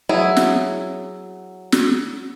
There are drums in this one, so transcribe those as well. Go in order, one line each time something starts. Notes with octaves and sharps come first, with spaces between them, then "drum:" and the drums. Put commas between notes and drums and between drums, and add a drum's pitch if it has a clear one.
F#3 E4 G#4
drum: snare
drum: snare